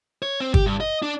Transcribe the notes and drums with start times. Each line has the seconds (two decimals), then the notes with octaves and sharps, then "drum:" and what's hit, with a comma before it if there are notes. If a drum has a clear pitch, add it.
0.22 C#5
0.40 C4
0.54 G4, drum: kick
0.66 G2
0.81 D#5
1.02 D4